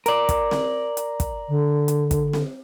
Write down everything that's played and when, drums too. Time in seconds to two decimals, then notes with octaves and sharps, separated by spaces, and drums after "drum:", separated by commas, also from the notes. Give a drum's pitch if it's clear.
0.06 A#4 D5, drum: hi-hat
0.29 drum: kick, hi-hat
0.51 drum: snare C4
0.97 drum: hi-hat
1.20 drum: kick, hi-hat
1.49 D3
1.88 drum: hi-hat
2.11 drum: kick, hi-hat
2.33 drum: snare C4